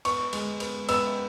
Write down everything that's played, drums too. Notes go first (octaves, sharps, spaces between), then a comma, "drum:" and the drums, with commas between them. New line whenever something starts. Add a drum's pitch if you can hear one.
B3 C#6, drum: cymbal
G#3, drum: cymbal
B3, drum: cymbal
B3 E6, drum: cymbal